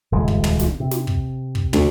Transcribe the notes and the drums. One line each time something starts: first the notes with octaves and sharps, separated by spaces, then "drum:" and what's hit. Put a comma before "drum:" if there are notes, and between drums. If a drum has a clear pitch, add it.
D#1 C#3 G#3
drum: kick
drum: tom
drum: snare
C3
drum: snare
drum: kick
drum: kick
D2, drum: tom